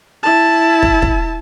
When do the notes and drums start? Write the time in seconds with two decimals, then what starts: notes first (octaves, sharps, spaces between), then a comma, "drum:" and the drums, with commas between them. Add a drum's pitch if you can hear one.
0.23 E4 A5
0.83 drum: kick
1.02 drum: kick